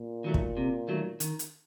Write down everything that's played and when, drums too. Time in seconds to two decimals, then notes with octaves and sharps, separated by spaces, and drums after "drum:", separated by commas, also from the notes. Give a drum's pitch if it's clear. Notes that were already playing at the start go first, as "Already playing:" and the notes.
Already playing: A#2
0.24 D#3 F#3 A3
0.34 drum: kick
0.57 C3
0.88 D#3 F#3 A3
1.20 D#3, drum: hi-hat
1.39 drum: hi-hat